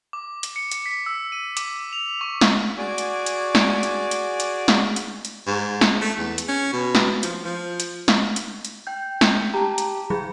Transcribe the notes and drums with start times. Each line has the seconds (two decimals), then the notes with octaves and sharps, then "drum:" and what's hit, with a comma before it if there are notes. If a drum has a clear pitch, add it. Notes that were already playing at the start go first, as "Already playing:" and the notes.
0.13 D6
0.43 drum: hi-hat
0.56 C#7
0.71 drum: hi-hat
0.86 B6
1.06 E6
1.32 D#7
1.57 D6, drum: hi-hat
1.93 F7
2.21 C#6
2.41 drum: snare
2.78 F#4 G#4 D5 G#5 D6
2.98 drum: hi-hat
3.26 drum: hi-hat
3.55 drum: snare
3.83 drum: hi-hat
4.11 drum: hi-hat
4.40 drum: hi-hat
4.68 drum: snare
4.96 drum: hi-hat
5.25 drum: hi-hat
5.47 G#2
5.81 drum: snare
6.01 A3
6.18 E2
6.38 drum: hi-hat
6.48 C#4
6.73 B2
6.95 drum: snare
7.23 F3, drum: hi-hat
7.44 F3
7.80 drum: hi-hat
8.08 drum: snare
8.36 drum: hi-hat
8.65 drum: hi-hat
8.87 G5 G6
9.21 drum: snare
9.54 G4 A5 A#5
9.78 drum: hi-hat
10.10 F#3 G#4 B5